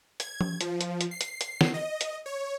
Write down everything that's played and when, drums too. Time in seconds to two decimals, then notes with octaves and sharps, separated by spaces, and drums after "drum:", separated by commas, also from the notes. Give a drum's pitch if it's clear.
0.20 G#6, drum: hi-hat
0.41 drum: tom F3
0.61 F3, drum: hi-hat
0.81 drum: hi-hat
1.01 drum: hi-hat
1.11 C7
1.21 drum: hi-hat
1.41 drum: hi-hat
1.61 drum: snare
1.74 D#5
2.01 drum: hi-hat
2.26 C#5